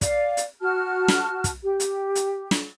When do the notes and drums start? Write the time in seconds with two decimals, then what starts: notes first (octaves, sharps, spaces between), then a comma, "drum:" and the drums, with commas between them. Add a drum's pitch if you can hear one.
0.01 D5 F5, drum: kick, hi-hat
0.37 drum: hi-hat
0.60 F#4 A5 F6
1.08 drum: snare
1.44 drum: kick, hi-hat
1.63 G4
1.80 drum: hi-hat
2.15 drum: hi-hat
2.51 drum: snare